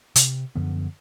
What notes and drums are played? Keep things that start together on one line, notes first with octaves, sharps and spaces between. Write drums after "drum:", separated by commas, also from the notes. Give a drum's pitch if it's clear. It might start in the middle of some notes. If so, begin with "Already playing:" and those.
C3, drum: hi-hat
F#2 D3 F3 B3